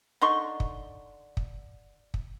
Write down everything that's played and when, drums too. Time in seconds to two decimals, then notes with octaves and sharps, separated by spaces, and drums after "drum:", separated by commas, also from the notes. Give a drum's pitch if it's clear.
0.22 D3 D#4 C6 C#6
0.60 drum: kick
1.37 drum: kick
2.14 drum: kick